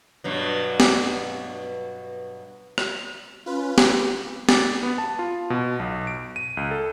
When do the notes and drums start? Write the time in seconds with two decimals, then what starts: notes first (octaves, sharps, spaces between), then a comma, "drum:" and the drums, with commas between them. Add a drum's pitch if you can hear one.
0.24 G2 B2 F#3
0.80 drum: snare
2.78 drum: rim click
3.46 C#4 F4 B4
3.78 G4, drum: snare
4.49 A6, drum: snare
4.83 B3
4.98 A5
5.19 F4
5.50 B2
5.79 B1
6.07 D7
6.36 D#7
6.57 C#2
6.71 A4